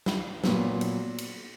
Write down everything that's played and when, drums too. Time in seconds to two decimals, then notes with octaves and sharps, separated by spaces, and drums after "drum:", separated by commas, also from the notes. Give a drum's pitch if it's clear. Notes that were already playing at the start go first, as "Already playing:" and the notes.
0.06 drum: snare
0.44 A#2 F#3 B3, drum: snare
0.81 drum: cymbal
1.18 drum: cymbal